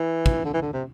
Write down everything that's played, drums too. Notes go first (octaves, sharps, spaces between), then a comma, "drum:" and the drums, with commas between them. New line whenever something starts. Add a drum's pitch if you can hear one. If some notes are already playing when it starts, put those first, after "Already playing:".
Already playing: E3
drum: kick
D3
E3
D3
C3